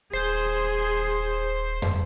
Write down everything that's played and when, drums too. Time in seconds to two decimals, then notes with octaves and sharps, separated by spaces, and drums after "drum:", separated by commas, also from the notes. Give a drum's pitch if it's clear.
0.13 D#1 G#4 C5
1.82 drum: tom F2